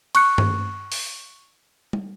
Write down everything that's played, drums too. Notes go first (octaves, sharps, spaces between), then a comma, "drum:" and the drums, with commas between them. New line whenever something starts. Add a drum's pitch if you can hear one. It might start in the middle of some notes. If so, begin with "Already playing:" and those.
C#6 F#6 C#7, drum: cymbal
drum: tom G2
drum: open hi-hat
drum: tom